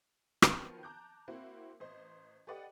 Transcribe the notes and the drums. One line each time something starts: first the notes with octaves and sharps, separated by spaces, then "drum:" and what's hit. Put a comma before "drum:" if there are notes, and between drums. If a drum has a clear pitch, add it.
D#3 F3 F#3 B3 C4, drum: rim click
A5 A#5 D6 F#6 G6
A#3 C4 E4 F#4 C5
A1 C5 D#5
G4 A4 B4 D5 D#5 F#5